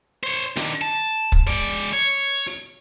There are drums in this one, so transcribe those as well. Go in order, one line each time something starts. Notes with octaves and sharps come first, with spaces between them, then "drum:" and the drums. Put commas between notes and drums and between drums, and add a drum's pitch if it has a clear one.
C5 C#5
D#3 D4, drum: hi-hat
A5
drum: kick
G#3 D5
C#5
drum: open hi-hat